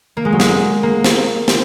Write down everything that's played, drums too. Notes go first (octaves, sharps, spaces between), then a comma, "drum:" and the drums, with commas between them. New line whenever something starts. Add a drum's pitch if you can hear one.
A#3
G#3
F#3
G#3, drum: snare
A#3
drum: snare
C4, drum: snare